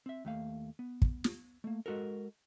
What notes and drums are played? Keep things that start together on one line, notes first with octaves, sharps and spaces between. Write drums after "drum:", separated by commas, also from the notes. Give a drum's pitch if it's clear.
C4 E5
D#2 A3 F5
B3
drum: kick
drum: snare
A3 A#3
G#3 F#4 A4 A#4